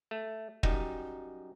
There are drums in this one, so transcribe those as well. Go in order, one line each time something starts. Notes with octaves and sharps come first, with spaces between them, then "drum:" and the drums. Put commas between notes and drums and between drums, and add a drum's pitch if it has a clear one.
A3
F#2 G3 D#4, drum: kick